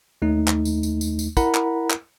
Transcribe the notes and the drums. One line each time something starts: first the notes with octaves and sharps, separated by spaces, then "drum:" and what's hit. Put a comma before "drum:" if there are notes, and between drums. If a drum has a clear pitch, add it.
D#2 A3 D#4
drum: clap
drum: tambourine
drum: tambourine
drum: tambourine
drum: tambourine
E4 A#4 F#5 A#5 B5, drum: kick, tambourine
drum: clap
drum: clap